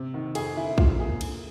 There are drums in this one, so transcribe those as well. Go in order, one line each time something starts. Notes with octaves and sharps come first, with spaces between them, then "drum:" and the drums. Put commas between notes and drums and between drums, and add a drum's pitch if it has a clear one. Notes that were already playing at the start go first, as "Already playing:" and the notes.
Already playing: C3
D#3
F2 G#4, drum: cymbal
D3 E4
D3 F4, drum: kick
A#3 G#4
D3, drum: cymbal